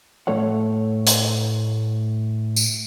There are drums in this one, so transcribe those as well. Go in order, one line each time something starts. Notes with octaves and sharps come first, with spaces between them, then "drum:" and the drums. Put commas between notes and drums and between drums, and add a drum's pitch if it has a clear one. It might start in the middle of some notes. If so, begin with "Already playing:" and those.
A2 A3 A4 C#5 F#5
drum: hi-hat
drum: tambourine